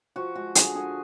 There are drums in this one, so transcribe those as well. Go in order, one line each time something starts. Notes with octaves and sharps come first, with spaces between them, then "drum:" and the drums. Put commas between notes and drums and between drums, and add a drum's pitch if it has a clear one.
F3 F#4
G#3 F#4
D3 G#4, drum: hi-hat
D3 G#4